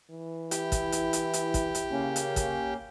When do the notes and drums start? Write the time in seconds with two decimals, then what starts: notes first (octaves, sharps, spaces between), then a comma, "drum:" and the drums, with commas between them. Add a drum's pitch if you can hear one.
0.10 E3
0.51 E4 G4, drum: hi-hat
0.72 drum: kick, hi-hat
0.92 drum: hi-hat
1.13 drum: hi-hat
1.33 drum: hi-hat
1.54 drum: kick, hi-hat
1.75 drum: hi-hat
1.91 C#3 A#3 C#4
2.16 drum: hi-hat
2.36 drum: kick, hi-hat